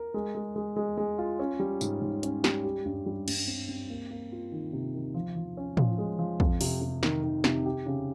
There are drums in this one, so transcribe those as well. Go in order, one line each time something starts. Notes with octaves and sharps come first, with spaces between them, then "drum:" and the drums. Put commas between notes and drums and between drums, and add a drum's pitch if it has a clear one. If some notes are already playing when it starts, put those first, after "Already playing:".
Already playing: A#4
G#3
G#3
G#3
G#3
G#3
F4
C#4
G3
G#2, drum: tambourine
G#2
C#4, drum: hi-hat
G3, drum: snare
G4
G2
G3
G2, drum: cymbal
C4
C4
A#3
A#3
F4
D#3
C3
D#3
F3
F3
C#4
F3, drum: tom
G#3
F3
F2, drum: kick
C3, drum: open hi-hat
C3
D#3, drum: snare
D#3
C3, drum: snare
G4
C#3